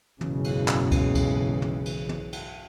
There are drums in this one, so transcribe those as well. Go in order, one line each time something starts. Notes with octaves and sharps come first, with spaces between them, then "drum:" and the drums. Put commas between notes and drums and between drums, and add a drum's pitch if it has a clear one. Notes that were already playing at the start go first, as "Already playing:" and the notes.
F#1 B1 G#2 C#3 E3, drum: tom
drum: cymbal
drum: clap
drum: kick C#2, cymbal
drum: kick C#2, cymbal
drum: tom
drum: cymbal
drum: tom
drum: cymbal